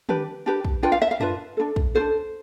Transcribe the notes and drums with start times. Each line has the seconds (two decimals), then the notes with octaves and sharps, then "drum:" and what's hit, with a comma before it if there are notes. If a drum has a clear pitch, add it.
0.09 D4 G4 B4, drum: tom
0.46 D4 G4 B4
0.65 drum: kick
0.83 D4 F4 B4 G5
0.92 F5
1.02 E5
1.11 F5
1.20 D4 F4 B4 E5, drum: tom
1.57 D4 F4 A4
1.76 drum: kick
1.95 F4 A4 C5
2.00 D4